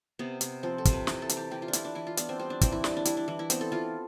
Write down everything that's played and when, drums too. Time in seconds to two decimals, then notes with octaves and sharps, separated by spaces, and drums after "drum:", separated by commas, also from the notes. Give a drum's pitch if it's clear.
0.19 C3 B3
0.41 C3, drum: hi-hat
0.63 F3 C4
0.78 A4
0.85 C3, drum: kick, hi-hat
0.93 B4
1.07 E3 B4, drum: snare
1.22 A4
1.29 E3, drum: hi-hat
1.37 G4
1.51 E3 G4
1.62 F4
1.68 D4
1.73 E3 E4, drum: hi-hat
1.85 D4
1.95 E3 E4
2.07 F4
2.17 B3 D4, drum: hi-hat
2.29 C4
2.39 G3 C4
2.50 D4
2.61 E3 C4, drum: kick, hi-hat
2.72 E4
2.84 G3 D4, drum: snare
2.97 D4
3.05 G3 E4, drum: hi-hat
3.17 D4
3.28 E3
3.39 E4
3.50 B3 C4, drum: hi-hat
3.61 A4
3.72 E3 F4